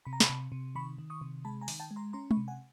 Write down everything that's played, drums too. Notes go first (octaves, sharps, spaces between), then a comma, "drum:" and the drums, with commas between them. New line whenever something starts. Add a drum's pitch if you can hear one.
C3 B5
A#5
A5 B5, drum: snare
C3
C3
D#3 B5 C#6
D#3
C#6 D#6
C3
G#3 A5 B5
G#5 A#5
D#3, drum: open hi-hat
G5 A5
G#3
A#5 C6
C#4 A#5 C6
B5 C#6, drum: tom G#3
C3
F#5 G#5